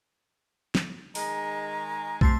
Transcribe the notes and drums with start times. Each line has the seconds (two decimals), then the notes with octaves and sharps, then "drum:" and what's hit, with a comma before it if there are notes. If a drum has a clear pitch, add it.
0.75 drum: snare
1.15 D#3 G#3 A#5, drum: open hi-hat
2.21 C3 A3 A5 C6 C7, drum: kick